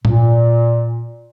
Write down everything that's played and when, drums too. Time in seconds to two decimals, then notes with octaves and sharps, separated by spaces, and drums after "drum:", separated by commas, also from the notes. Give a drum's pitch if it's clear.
0.05 A#2, drum: tom G#2